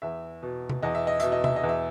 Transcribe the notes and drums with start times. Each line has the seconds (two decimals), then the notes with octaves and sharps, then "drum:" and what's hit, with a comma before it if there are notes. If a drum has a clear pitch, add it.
0.02 E2 E5
0.42 B2
0.69 drum: tom C3
0.83 E2 D#5
0.95 E5
1.07 D#5
1.20 B2 E5, drum: hi-hat
1.32 D#5
1.44 E5, drum: tom C3
1.56 D#5
1.64 E2
1.69 E5